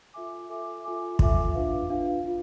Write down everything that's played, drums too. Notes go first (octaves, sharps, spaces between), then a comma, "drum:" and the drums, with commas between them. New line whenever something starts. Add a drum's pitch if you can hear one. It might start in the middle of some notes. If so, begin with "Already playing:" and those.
F4 A4 E5 G#5 D6
F4 A4 E5 G#5 D6
F4 A4 E5 G#5 D6
F4 A4 E5 G#5 D6, drum: kick
D4 F4 B4 F5
D4 F4 B4 F5
D4 F4